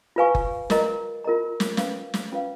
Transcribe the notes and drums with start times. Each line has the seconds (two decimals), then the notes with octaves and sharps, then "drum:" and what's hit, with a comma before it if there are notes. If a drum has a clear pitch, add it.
0.16 F4 B4 F5 G#5 C#6
0.35 drum: kick F#1
0.70 F4 A#4 D#5 A#5, drum: snare
1.24 F4 A#4 D#5 A#5
1.60 drum: snare
1.77 C#4 F4 B4 F5, drum: snare
2.14 drum: snare
2.32 C#4 F4 B4 F5